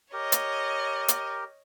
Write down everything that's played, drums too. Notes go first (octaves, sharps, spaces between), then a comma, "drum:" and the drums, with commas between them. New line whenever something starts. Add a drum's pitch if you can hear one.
G4 A#4 C#5 D#5
drum: hi-hat
drum: hi-hat